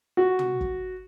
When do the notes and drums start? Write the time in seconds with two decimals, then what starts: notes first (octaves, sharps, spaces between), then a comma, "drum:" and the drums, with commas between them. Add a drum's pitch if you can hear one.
0.17 F#4
0.39 drum: tom
0.61 drum: kick